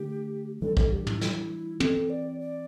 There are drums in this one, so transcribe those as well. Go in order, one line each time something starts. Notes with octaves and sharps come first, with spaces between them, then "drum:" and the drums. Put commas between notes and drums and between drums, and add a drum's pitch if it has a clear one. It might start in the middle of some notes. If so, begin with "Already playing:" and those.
Already playing: D3 A3 D4 G4
E3 G3 D4 A4
A4, drum: kick
G4
E4, drum: tom
E4, drum: snare
E3 C4 A4, drum: tom
D5
D5